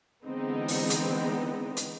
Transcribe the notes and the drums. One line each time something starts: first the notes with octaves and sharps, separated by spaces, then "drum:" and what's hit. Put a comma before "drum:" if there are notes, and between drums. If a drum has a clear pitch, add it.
D3 E3 G#3 B3 C4 D#4
drum: open hi-hat
drum: hi-hat
drum: hi-hat